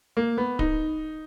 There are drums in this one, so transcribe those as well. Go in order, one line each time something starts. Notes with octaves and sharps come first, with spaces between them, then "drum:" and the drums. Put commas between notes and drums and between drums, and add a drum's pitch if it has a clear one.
A#3
B3
D#4, drum: kick D1